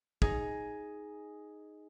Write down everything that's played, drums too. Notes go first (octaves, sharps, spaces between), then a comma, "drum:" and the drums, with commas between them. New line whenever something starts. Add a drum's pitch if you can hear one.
D#4 G#4, drum: kick